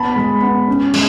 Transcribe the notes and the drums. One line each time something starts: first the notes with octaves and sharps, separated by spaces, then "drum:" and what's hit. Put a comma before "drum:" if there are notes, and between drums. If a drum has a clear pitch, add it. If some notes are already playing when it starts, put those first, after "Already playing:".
Already playing: B3 A5 B5
G#3
B3
C#4
G#3, drum: cymbal